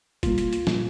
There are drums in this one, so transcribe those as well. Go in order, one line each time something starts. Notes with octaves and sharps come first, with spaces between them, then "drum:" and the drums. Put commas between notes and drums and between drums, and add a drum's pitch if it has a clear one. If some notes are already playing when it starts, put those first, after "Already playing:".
A#2 G3 A#3 F4, drum: kick, hi-hat
drum: hi-hat
drum: hi-hat
A#2 G3 A#3, drum: snare